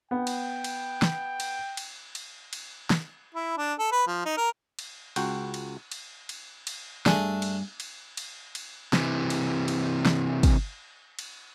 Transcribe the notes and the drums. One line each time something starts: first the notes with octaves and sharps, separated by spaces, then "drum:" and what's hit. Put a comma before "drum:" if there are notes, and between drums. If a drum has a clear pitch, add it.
B3 G5
drum: cymbal
drum: cymbal
drum: snare
drum: cymbal
drum: cymbal
drum: cymbal
drum: cymbal
drum: snare
E4
D4
A4
B4
F3
D#4
A#4
drum: cymbal
C#2 F#4 G5, drum: cymbal
drum: cymbal
drum: cymbal
drum: cymbal
drum: cymbal
G2 A3 D4 G#4, drum: snare
drum: cymbal
drum: cymbal
drum: cymbal
drum: cymbal
C3 E3, drum: snare
drum: cymbal
drum: cymbal
drum: snare
drum: kick, cymbal
drum: cymbal